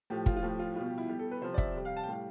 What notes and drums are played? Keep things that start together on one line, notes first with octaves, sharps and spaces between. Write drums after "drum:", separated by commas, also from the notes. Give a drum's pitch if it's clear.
A2 F3 G4
F4, drum: kick
F4
A2 F3 G4
F4
B2 G3 F4
G4
E4
B2 G3 G4
A4
B4
C3 F3 C5
D5
E5, drum: kick
C3 G3
F5
A5
G5
A2 G3 F5